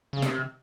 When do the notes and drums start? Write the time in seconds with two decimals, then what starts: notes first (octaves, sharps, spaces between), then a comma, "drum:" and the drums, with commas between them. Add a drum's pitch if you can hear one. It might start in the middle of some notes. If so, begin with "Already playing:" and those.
0.13 C#3
0.22 C3, drum: snare